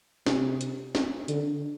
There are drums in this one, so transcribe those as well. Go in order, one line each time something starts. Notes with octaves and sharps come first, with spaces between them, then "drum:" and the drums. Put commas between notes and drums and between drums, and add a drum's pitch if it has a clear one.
C3, drum: snare
drum: hi-hat
drum: snare
D3, drum: hi-hat